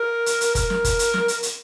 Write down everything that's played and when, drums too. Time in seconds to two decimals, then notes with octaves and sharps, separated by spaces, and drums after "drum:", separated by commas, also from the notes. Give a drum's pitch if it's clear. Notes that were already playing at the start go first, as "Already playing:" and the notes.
Already playing: A#4
0.26 drum: hi-hat
0.41 drum: hi-hat
0.55 A#4, drum: kick F#1, hi-hat
0.70 drum: snare
0.85 drum: kick F#1, hi-hat
0.99 drum: hi-hat
1.14 drum: snare
1.28 drum: hi-hat
1.43 drum: hi-hat